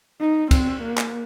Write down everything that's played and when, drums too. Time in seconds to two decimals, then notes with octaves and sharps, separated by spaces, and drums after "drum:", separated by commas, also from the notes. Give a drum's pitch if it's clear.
0.21 D#4
0.51 C4, drum: kick, cymbal
0.82 A#3
0.97 drum: clap